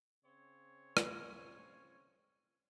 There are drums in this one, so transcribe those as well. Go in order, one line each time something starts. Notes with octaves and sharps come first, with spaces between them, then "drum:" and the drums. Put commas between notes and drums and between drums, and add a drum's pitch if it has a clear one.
C#3 C4 C#5
drum: rim click